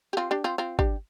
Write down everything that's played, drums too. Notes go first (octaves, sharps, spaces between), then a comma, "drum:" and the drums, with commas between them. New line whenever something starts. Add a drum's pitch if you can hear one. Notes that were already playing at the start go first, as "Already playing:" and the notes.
G4
C4 F4
D4 G4
C4 F4
C4 F4
D4 G4, drum: kick